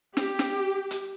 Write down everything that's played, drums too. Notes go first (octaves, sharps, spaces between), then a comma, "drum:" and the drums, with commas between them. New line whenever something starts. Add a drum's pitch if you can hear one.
G4, drum: snare
drum: snare
drum: hi-hat